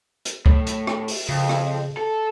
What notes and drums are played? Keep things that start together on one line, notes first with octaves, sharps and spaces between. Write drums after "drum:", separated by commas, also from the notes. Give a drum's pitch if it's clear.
drum: hi-hat
A2, drum: kick
drum: hi-hat
drum: rim click
drum: open hi-hat
F2 C#3
drum: rim click
A4